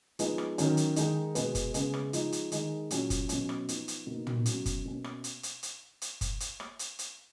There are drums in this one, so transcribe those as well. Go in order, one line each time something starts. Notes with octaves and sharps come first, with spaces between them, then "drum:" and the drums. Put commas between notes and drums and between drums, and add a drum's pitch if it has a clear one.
F3 G#3 B3 D#4, drum: hi-hat
drum: rim click
D#3 F#3 C#4, drum: hi-hat
drum: hi-hat
D#3 G#3 D#4, drum: hi-hat
B2 G#3 B3, drum: hi-hat
drum: kick, hi-hat
C#3 G#3 B3, drum: hi-hat
drum: rim click
F3 G#3 D#4, drum: hi-hat
drum: hi-hat
D#3 G#3 D#4, drum: hi-hat
A#2 F#3 C#4, drum: hi-hat
drum: kick, hi-hat
B2 F#3 C#4, drum: hi-hat
drum: rim click
F3 B3 D#4, drum: hi-hat
drum: hi-hat
B2 A#3 D#4
drum: tom
B2 F#3 C#4, drum: hi-hat
drum: kick, hi-hat
B2 A#3 C#4
drum: rim click
drum: hi-hat
drum: hi-hat
drum: hi-hat
drum: hi-hat
drum: kick, hi-hat
drum: hi-hat
drum: rim click
drum: hi-hat
drum: hi-hat